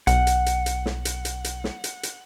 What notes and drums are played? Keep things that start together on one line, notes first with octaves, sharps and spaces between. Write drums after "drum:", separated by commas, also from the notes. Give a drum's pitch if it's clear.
B1 F#5, drum: hi-hat
drum: hi-hat
drum: hi-hat
drum: hi-hat
drum: snare
drum: hi-hat
drum: hi-hat
drum: hi-hat
drum: snare
drum: hi-hat
drum: hi-hat